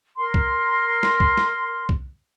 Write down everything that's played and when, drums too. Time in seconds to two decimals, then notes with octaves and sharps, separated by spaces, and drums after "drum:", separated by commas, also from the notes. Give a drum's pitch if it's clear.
0.17 A#4 C6
0.34 drum: kick
1.03 drum: snare
1.20 drum: kick
1.37 drum: snare
1.89 drum: kick